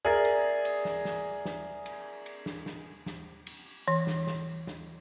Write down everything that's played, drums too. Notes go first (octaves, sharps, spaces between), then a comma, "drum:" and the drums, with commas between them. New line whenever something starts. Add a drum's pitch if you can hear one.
G#4 A#4 D5 E5 A6
drum: cymbal
drum: cymbal
drum: snare
drum: snare
drum: snare
drum: cymbal
drum: cymbal
drum: snare
drum: snare
drum: snare
drum: cymbal
E3, drum: cymbal
drum: snare
drum: snare
drum: snare